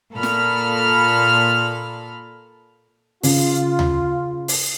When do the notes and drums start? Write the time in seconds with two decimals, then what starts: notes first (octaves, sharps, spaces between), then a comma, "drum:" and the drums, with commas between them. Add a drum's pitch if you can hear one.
0.14 A#2 A4 B5 F6
0.23 drum: snare
3.23 C#3 F4, drum: open hi-hat
3.79 drum: tom D2
4.48 drum: open hi-hat